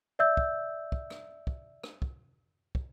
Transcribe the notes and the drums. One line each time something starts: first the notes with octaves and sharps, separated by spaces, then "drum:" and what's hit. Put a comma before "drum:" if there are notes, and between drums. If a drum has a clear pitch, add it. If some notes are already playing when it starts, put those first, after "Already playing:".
D5 E5 E6 G6
drum: kick
drum: kick
drum: rim click
drum: kick
drum: rim click
drum: kick
drum: kick